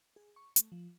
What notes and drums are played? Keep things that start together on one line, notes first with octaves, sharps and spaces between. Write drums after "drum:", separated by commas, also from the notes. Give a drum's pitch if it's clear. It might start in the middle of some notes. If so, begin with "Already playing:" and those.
G#4
C#6
A3, drum: hi-hat
F3